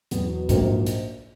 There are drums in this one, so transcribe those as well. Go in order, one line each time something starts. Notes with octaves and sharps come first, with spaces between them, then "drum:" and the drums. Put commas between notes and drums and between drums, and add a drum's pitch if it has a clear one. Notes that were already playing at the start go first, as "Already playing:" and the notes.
E2 B2 F#3 B3, drum: hi-hat
A#1 G#2 F#3 A#3, drum: kick C2, hi-hat
drum: hi-hat